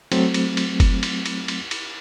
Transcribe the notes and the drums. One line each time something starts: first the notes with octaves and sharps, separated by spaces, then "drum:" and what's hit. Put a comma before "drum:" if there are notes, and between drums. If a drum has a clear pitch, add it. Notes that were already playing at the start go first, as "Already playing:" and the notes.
F#3 A3 C4, drum: cymbal
drum: cymbal
drum: cymbal
drum: kick F#1, cymbal
drum: cymbal
drum: cymbal
drum: cymbal
drum: cymbal